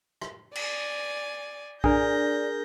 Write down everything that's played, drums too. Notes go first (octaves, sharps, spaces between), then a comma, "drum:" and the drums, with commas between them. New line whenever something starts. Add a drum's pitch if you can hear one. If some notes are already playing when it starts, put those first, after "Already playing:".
drum: rim click
D5 G#5, drum: cymbal
D4 G#4 A#4 D5 G6 A#6, drum: kick A#1